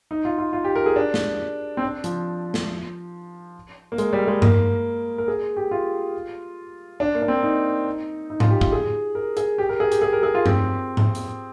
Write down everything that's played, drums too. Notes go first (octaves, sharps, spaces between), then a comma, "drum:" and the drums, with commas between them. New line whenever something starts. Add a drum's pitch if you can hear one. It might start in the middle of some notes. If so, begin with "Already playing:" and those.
D#4
F4
F4
F4
G4
A#4
G#4
D4
drum: snare
C4
D4
F3, drum: hi-hat
drum: snare
A#3
G#3, drum: hi-hat
G3
G#3
A#3, drum: tom G2
A#4
G#4
G4
F4
D4
A#3
D4
C4
D#4
D#4
F4, drum: tom G#2
G4
F4, drum: kick
G#4
A#4
G#4, drum: hi-hat
G4
A#4
G#4
G4, drum: hi-hat
G#4
A#4
G#4
F4
C4, drum: tom G2
drum: tom G#2
drum: hi-hat